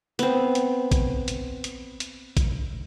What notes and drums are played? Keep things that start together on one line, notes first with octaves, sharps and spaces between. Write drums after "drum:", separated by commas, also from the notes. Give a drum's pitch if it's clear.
B3 C4, drum: hi-hat
drum: hi-hat
drum: kick A1, hi-hat
drum: hi-hat
drum: hi-hat
drum: hi-hat
drum: kick A1, hi-hat